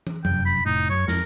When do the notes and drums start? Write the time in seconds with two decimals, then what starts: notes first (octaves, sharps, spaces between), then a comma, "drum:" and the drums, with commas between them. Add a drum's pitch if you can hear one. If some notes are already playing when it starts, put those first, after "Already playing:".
0.07 drum: tom
0.25 F1 F#2 G5, drum: tom F3
0.46 B5
0.66 F1 A2 D#4
0.90 F#2 C#5
1.08 F2 A#4, drum: snare